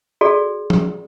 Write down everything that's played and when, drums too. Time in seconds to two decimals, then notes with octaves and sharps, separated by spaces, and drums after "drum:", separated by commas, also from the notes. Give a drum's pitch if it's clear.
0.21 F#4 G#4 A4 D5
0.70 drum: tom